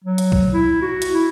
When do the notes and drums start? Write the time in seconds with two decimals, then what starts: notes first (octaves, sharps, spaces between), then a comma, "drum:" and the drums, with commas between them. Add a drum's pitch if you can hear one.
0.04 F#3
0.18 drum: hi-hat
0.32 drum: kick C2
0.54 E4
0.82 F#4
1.02 drum: hi-hat
1.14 E4